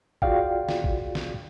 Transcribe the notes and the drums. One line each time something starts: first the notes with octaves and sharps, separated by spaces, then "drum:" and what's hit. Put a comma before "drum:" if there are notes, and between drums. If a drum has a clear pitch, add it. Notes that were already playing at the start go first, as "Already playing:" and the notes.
F4 F#4 G#4 D5 F5 G5, drum: kick
drum: snare
drum: kick
drum: snare